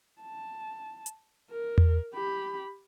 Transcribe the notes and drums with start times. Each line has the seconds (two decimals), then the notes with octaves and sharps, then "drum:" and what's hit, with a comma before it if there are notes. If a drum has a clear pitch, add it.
0.22 A5
1.06 drum: hi-hat
1.52 A#4
1.78 drum: tom E2
2.14 G4 B5